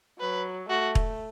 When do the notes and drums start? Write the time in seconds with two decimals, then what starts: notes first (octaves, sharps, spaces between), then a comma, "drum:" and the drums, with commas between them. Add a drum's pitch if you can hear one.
0.19 F#3 B4
0.69 A3 F#4
0.95 drum: kick E1